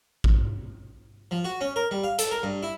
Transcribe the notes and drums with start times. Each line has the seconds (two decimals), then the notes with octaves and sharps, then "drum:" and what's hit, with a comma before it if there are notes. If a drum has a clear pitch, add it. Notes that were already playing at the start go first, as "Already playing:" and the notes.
0.24 drum: kick A1
1.31 F3
1.45 F#4
1.61 C#4
1.76 A#4
1.91 G3
2.04 F5
2.18 A4, drum: hi-hat
2.31 A#4
2.43 G2
2.63 E4